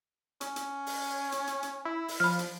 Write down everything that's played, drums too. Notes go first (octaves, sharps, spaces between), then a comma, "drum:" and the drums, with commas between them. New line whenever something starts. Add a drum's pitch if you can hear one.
C#4, drum: hi-hat
drum: hi-hat
drum: open hi-hat
drum: hi-hat
drum: hi-hat
drum: hi-hat
E4
drum: open hi-hat
F3 B5 F6
drum: hi-hat